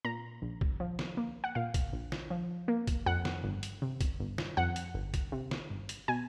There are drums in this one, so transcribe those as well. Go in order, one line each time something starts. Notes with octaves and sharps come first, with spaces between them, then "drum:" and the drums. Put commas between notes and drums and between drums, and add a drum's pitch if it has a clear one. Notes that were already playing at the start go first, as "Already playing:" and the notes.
A#2 A#5
A#1
drum: kick A#1
F3
drum: snare
A#3
F#5
A#2 F5
drum: kick A#1, hi-hat
A#1
drum: snare
F3
A#3
drum: kick A#1, hi-hat
F2 F#5
drum: snare
G1
drum: hi-hat
C3
drum: kick A#1, hi-hat
G1
drum: snare
F2 F#5
drum: hi-hat
G1
drum: kick A#1, hi-hat
C3
drum: snare
G1
drum: hi-hat
B2 G#5